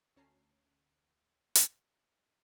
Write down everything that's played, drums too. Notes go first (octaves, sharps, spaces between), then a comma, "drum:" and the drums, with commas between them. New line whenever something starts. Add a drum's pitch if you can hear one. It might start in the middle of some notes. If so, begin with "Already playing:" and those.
D2 C#4 A5 A#5 C7
drum: hi-hat